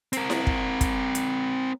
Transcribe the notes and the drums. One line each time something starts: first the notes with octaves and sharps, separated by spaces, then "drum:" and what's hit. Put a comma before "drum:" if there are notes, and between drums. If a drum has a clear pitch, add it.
C4 A#4, drum: hi-hat
drum: snare E4
drum: kick
drum: kick, hi-hat
drum: hi-hat